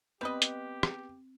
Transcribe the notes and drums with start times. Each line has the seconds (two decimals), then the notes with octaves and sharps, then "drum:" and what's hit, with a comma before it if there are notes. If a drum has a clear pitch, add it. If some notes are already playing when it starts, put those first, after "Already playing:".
0.21 G3 B3 C4 G4 B4 D#5
0.42 drum: hi-hat
0.83 drum: rim click